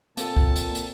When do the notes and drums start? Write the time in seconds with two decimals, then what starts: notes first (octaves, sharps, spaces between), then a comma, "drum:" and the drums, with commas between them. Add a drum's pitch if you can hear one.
0.17 A#2 A#3 C4 A4 A5, drum: hi-hat
0.36 drum: kick
0.56 drum: hi-hat
0.75 drum: hi-hat